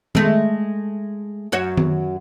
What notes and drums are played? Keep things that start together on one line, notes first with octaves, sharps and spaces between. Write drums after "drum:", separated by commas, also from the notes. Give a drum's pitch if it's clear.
G#3 A3, drum: tom D#3
F#2 F#4 C#5
drum: tom D#3